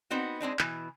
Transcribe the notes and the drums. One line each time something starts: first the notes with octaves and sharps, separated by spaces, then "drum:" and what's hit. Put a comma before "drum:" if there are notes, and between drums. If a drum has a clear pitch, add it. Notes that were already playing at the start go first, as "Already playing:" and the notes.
B3 C4 D#4 F#4
G#3 C4 D4 D#4
B2 E3, drum: clap